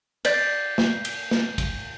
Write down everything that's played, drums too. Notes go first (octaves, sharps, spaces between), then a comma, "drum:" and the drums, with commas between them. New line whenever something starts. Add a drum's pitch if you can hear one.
D5 G6 B6 C7, drum: cymbal
drum: snare
drum: cymbal
drum: snare
drum: kick, cymbal